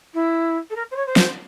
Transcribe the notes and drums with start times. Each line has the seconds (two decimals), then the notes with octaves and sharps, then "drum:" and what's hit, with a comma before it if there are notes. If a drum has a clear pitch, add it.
0.14 E4
0.70 A4
0.76 A#4
0.91 C5
0.96 C#5
1.06 C5
1.16 drum: snare